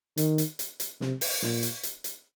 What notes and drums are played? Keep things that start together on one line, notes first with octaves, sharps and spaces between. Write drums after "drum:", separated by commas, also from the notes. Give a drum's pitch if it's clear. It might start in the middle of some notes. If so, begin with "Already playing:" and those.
D#3, drum: hi-hat
drum: hi-hat
drum: hi-hat
drum: hi-hat
C3, drum: snare
drum: open hi-hat
A#2, drum: snare
drum: hi-hat
drum: hi-hat
drum: hi-hat